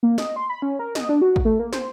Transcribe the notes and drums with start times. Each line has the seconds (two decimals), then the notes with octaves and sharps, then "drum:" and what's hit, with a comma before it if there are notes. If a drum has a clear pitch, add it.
0.03 A#3
0.18 D#5, drum: snare
0.36 C6
0.49 B5
0.62 C#4
0.79 A#4
0.95 D#5, drum: snare
1.09 D4
1.22 F#4
1.36 drum: kick A1
1.45 A3
1.59 A#3
1.73 C5, drum: snare